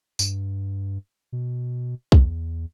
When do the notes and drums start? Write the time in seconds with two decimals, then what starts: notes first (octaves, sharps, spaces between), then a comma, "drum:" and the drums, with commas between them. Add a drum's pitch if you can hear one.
0.19 G2, drum: tambourine
1.32 B2
2.12 E2, drum: kick B1